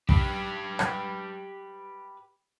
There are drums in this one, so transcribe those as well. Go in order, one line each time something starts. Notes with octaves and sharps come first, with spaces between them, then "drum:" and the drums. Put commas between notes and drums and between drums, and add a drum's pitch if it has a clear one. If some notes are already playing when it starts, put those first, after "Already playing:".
G4 B4, drum: kick
drum: rim click